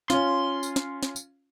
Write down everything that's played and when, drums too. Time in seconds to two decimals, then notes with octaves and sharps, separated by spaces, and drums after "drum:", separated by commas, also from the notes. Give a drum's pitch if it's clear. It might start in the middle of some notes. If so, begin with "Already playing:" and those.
0.10 C#4 F4 C6, drum: snare
0.63 drum: tambourine
0.76 drum: snare
1.03 drum: snare
1.16 drum: tambourine